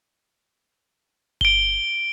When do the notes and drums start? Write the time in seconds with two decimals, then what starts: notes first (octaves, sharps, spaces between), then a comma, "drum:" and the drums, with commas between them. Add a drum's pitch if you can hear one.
1.41 D7 G7, drum: kick G1